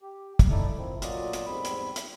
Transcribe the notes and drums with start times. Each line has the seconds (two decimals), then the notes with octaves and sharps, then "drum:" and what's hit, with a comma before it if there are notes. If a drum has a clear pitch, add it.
0.01 G4
0.39 drum: kick, hi-hat
0.50 D#4 E4 A4 D5
0.77 D#3 F3 C4 E4
1.02 D2 A#2 F#3 F4 D5 D#5, drum: hi-hat
1.33 drum: hi-hat
1.46 E2 G#2 G3 C4 B5
1.65 drum: hi-hat
1.96 drum: hi-hat